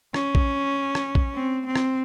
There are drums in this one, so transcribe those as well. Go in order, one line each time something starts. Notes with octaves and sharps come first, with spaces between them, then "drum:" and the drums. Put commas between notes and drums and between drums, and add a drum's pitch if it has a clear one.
C#4, drum: rim click
drum: kick A#1
drum: rim click
drum: kick A#1
C4
C4
drum: rim click